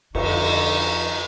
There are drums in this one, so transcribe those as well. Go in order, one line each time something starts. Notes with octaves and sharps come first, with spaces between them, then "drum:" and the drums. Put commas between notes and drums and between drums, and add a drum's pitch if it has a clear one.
F2 D3 D#4 C#6, drum: cymbal